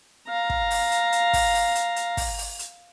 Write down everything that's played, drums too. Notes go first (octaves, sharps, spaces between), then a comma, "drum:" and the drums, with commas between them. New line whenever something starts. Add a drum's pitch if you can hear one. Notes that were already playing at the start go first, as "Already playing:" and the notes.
F5 A#5
drum: kick
drum: open hi-hat
drum: hi-hat
drum: hi-hat
drum: kick, open hi-hat
drum: open hi-hat
drum: hi-hat
drum: hi-hat
drum: kick, open hi-hat
drum: open hi-hat
drum: hi-hat